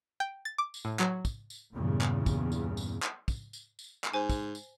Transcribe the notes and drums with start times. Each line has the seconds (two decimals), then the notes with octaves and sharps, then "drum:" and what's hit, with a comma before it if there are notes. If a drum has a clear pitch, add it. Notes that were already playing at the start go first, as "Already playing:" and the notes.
0.20 G5
0.45 A6
0.58 D6
0.74 drum: tambourine
0.85 A2
0.99 F#3, drum: clap
1.25 drum: kick, tambourine
1.50 drum: tambourine
1.72 E2 G2 A#2 C#3
2.01 drum: clap
2.26 drum: kick, tambourine
2.52 drum: tambourine
2.77 drum: tambourine
3.03 drum: clap
3.28 drum: kick, tambourine
3.53 drum: tambourine
3.79 drum: tambourine
4.04 drum: clap
4.13 G#2 C5 G#5
4.30 drum: kick, tambourine
4.55 drum: tambourine